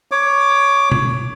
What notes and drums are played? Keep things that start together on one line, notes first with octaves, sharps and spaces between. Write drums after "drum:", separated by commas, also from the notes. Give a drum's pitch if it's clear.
C#5 D6
drum: tom B2